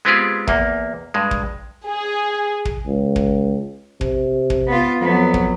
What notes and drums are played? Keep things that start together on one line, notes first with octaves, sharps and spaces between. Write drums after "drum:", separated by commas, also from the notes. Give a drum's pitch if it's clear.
G#3 B3 C4 F4 G4 G#4
E2 A#3, drum: kick
G2 G#3
drum: kick
G#4
drum: kick
C#2
drum: kick
C3, drum: kick
drum: kick
B3 F4
F2 F#3 B3
drum: kick